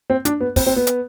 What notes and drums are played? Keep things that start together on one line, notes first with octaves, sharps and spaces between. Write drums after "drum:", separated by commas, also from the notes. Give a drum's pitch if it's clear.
C4
D4, drum: hi-hat
B3
C4, drum: kick, open hi-hat
C4
B3
drum: hi-hat